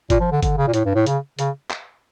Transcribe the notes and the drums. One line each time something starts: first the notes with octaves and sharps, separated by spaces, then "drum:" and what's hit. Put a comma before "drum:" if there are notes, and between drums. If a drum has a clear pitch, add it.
A#2, drum: kick G1, hi-hat
F3
D3
D3, drum: kick G1, hi-hat
C#3
A#2
A2, drum: hi-hat
G2
A2
C#3, drum: hi-hat
C#3, drum: hi-hat
drum: clap